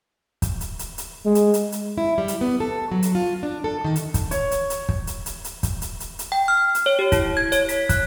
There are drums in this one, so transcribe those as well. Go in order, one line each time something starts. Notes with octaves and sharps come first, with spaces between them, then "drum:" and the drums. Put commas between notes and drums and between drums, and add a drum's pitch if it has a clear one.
drum: kick, hi-hat
drum: hi-hat
drum: hi-hat
drum: hi-hat
G#3
drum: hi-hat
drum: hi-hat
drum: hi-hat
E4
G3
drum: hi-hat
B3
A4
F#3
drum: hi-hat
F4
D4
A4
D#3
drum: hi-hat
drum: kick, hi-hat
C#5, drum: hi-hat
drum: hi-hat
drum: hi-hat
drum: kick
drum: hi-hat
drum: hi-hat
drum: hi-hat
drum: kick, hi-hat
drum: hi-hat
drum: hi-hat
drum: hi-hat
G5
F6
drum: hi-hat
C#5
G4
E4, drum: kick, hi-hat
G#6
C#5, drum: hi-hat
B6, drum: hi-hat
F#6, drum: kick, hi-hat